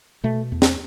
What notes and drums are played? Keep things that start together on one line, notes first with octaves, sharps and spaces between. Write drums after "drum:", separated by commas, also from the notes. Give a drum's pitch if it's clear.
B2 A3
E2
drum: snare